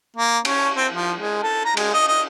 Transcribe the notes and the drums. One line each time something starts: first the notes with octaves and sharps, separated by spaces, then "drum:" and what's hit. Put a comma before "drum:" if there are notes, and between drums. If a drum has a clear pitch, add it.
A#3
C#4, drum: cymbal
C4
F3
G#3
A4
A#5
G#3, drum: cymbal
D#5
D#5